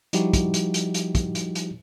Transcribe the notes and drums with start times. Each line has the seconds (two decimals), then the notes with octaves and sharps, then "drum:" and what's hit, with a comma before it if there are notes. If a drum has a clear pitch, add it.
0.13 F3 G3 D#4 E4 F#4 G4, drum: hi-hat
0.33 drum: kick, hi-hat
0.54 drum: hi-hat
0.74 drum: hi-hat
0.94 drum: hi-hat
1.15 drum: kick, hi-hat
1.35 drum: hi-hat
1.55 drum: hi-hat